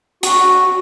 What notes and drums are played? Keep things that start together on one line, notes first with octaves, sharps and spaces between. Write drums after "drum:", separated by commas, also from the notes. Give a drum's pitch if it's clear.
F#4, drum: hi-hat